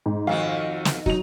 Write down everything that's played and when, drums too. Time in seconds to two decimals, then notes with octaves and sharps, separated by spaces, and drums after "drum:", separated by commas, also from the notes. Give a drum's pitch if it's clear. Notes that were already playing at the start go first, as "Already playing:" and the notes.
0.06 G#2
0.27 F2 D#3 F#4 F5
0.85 drum: snare
1.06 F#3 D#4 F7, drum: kick